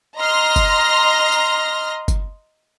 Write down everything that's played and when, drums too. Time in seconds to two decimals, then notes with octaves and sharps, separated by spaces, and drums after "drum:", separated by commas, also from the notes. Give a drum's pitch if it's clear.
0.18 D#5 A#5 C6 F6 A#6
0.56 drum: kick G1, tambourine
1.32 drum: tambourine
2.08 drum: kick G1, tambourine